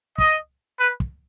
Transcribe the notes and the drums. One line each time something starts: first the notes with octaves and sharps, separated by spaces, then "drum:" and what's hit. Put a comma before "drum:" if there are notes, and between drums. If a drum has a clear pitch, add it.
D#5, drum: kick
B4
drum: kick